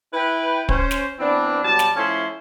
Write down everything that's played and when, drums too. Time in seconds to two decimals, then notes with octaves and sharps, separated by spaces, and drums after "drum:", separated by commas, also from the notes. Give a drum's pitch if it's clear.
0.14 E4 B4 G5
0.69 C#4 C5, drum: kick
0.91 drum: snare
1.19 E3 B3 C4 D4
1.63 B2 F#3 G3 A5
1.79 drum: snare
1.96 F3 A3 C#4 E4 A4 C6